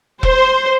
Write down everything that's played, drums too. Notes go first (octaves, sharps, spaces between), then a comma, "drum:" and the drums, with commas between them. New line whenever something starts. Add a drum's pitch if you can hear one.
C5, drum: kick E1